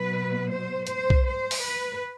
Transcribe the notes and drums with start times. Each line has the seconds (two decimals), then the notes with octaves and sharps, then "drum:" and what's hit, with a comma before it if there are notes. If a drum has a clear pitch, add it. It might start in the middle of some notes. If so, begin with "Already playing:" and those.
Already playing: B2 F#3 B4
0.50 C5
0.87 C5, drum: hi-hat
1.10 drum: kick B1
1.25 C5
1.51 drum: open hi-hat
1.62 B4